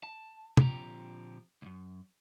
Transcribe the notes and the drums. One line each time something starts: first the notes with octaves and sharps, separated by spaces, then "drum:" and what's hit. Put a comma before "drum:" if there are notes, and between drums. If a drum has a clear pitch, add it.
A5
A#2 D3 F3 C4 G4 A#5, drum: tom
C#2 F#2